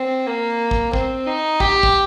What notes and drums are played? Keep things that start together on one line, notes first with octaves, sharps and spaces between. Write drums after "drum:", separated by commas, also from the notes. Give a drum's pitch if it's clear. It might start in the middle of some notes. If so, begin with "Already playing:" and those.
Already playing: C4
A#3
drum: kick
C4, drum: kick
D#4
G4, drum: kick
drum: kick